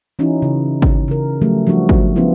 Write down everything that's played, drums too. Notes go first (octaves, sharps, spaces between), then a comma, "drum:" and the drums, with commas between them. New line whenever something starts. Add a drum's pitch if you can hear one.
E3 C#4 D#4 E4 F#4
C#3
drum: kick G#1
C#3 A#4
F3 F#3 A3 G4
F3 G3 D4 F#4
drum: kick G#1
F3 B3 C#4 E4 F4